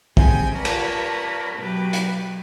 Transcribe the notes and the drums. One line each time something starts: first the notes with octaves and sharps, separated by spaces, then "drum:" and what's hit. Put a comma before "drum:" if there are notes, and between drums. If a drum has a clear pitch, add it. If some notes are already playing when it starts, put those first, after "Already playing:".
C3 G3 G#4 G5 G#5, drum: kick
A#4 B4 C#5 D5 A5
drum: cymbal
B2 F#3 G4 B4 D6
drum: hi-hat